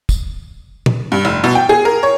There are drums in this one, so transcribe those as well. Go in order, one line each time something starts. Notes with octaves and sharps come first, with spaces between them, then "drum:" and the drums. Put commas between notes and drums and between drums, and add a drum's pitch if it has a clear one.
drum: kick, tambourine
drum: tom
G2
F1
B2
G5
G#4
A#4
C#5